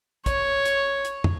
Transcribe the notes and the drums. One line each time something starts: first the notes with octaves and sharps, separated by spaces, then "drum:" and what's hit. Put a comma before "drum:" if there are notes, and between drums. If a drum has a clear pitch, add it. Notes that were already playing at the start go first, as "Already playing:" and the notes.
C#5, drum: kick, hi-hat
drum: hi-hat
drum: hi-hat
drum: tom